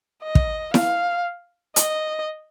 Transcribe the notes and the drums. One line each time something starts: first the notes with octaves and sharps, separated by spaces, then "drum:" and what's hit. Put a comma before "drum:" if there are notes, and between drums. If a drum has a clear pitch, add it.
D#5
drum: kick
F5, drum: snare E4
D#5, drum: hi-hat